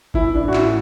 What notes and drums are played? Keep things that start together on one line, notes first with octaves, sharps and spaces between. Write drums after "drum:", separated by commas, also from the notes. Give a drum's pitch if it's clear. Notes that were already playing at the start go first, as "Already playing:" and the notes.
E3 E4, drum: kick G#1
D4
A1
F#4
E4, drum: clap
A2